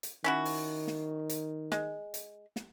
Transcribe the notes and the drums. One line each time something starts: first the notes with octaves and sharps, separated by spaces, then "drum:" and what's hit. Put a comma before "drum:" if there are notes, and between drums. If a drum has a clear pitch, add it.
drum: hi-hat
D#3 C#4 E4 F#4
drum: open hi-hat
drum: snare
drum: hi-hat
G#3, drum: snare
drum: hi-hat
drum: snare